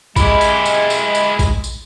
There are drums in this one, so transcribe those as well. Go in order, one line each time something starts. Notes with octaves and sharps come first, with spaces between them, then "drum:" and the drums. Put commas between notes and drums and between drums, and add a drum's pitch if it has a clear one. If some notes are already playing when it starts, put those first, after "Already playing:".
G#3 E4 G4 B5, drum: kick A#1, tambourine
drum: tambourine
drum: tambourine
drum: tambourine
drum: tambourine
drum: kick A#1, tambourine
drum: tambourine